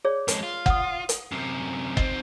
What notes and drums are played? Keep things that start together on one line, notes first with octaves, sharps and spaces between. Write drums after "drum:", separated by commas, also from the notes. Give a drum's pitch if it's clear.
G#4 C#5 D5
F2 G#3, drum: hi-hat
F4
F#5 D#6, drum: kick
drum: hi-hat
F#2 C3
C4 D#4 D#5, drum: kick